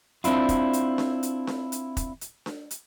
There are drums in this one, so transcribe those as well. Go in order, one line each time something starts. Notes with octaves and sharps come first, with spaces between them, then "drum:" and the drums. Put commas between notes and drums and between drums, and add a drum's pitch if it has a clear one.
C4 D4 E4 F4, drum: hi-hat
drum: kick, hi-hat
drum: hi-hat
drum: snare D4
drum: hi-hat
drum: snare D4
drum: hi-hat
drum: kick, hi-hat
drum: hi-hat
drum: snare D4
drum: hi-hat